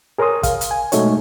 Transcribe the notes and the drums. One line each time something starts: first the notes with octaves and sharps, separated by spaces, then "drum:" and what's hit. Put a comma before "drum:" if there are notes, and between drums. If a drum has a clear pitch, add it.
G#4 A#4 C#5 A#5 C6 D#6
F5, drum: kick, hi-hat
drum: hi-hat
G#5
B2 G#3 A3 D#4 F#4 C#5, drum: hi-hat